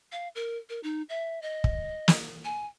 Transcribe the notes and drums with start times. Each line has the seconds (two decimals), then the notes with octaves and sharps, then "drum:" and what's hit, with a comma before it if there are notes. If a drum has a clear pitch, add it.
0.12 F5
0.35 A#4
0.70 A#4
0.83 D#4
1.09 E5
1.42 D#5
1.64 drum: kick
2.08 drum: snare
2.45 G#5